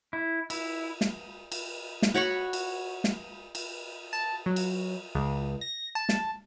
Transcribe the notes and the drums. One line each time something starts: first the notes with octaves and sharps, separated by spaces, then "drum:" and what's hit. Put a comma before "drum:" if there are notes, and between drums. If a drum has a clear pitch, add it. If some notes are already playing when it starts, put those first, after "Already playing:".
E4
E4, drum: cymbal
drum: snare
drum: cymbal
drum: snare
F#4 C#5 B5 C#6
drum: cymbal
drum: snare
drum: cymbal
A5
F#3
drum: cymbal
C#2
A#6
A5
drum: snare